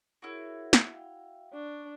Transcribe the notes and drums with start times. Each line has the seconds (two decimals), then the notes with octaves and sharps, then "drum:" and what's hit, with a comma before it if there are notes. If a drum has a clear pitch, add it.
0.22 E4 F#4 G#4 A#4 C#5
0.73 drum: snare
0.92 F5 G5
1.53 D4 D5 C#6 D6